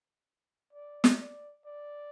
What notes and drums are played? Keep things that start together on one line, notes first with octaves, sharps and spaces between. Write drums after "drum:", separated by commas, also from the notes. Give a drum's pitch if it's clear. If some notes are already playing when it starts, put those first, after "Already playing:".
D5
drum: snare
D5
D5